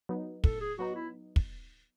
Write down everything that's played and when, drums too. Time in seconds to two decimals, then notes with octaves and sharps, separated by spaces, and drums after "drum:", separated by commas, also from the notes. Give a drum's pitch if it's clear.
0.09 F#3 B3 D#4
0.44 A2 A4, drum: kick
0.61 G#4
0.79 F#3 B3 D#4 F#4
0.96 E4
1.36 drum: kick